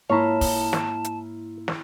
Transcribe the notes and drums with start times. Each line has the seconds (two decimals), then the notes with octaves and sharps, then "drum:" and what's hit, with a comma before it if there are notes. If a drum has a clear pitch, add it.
0.10 G#2 A#3 E4 F4 C#5 A5 A#5
0.41 drum: kick, open hi-hat
0.73 drum: snare
1.04 drum: hi-hat
1.68 drum: snare